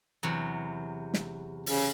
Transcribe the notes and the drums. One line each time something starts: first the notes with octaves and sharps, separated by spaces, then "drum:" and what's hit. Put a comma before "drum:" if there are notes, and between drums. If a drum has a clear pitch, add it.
E2 C3 F#3
drum: snare
C#3, drum: open hi-hat